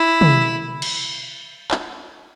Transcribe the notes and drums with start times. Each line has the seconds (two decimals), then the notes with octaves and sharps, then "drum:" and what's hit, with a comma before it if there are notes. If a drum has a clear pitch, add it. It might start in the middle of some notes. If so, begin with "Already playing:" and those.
Already playing: E4
0.21 drum: tom
0.82 drum: cymbal
1.71 drum: clap